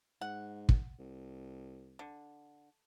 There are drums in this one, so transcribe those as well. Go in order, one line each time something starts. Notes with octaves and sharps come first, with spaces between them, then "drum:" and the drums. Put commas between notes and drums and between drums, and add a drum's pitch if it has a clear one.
G#2 F#5
drum: kick
C2
D3